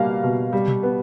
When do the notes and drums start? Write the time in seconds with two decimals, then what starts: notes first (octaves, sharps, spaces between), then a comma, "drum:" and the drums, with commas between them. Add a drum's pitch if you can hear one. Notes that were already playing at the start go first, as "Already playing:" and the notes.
Already playing: B2 G3 A#3 F5
0.23 B2
0.53 G3
0.68 drum: tom A#2
0.83 B3